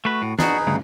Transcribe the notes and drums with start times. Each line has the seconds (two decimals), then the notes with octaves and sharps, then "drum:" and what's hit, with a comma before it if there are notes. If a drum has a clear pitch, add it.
0.05 A3 F#4 B4
0.22 A2
0.39 D4 D#4 F#4 G#4 B4, drum: snare
0.67 D2 G2 C#3